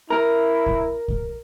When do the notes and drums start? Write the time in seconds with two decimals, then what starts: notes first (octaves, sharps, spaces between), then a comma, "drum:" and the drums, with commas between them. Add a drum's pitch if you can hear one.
0.10 E4 A#4
0.66 drum: kick C2
1.08 drum: kick C2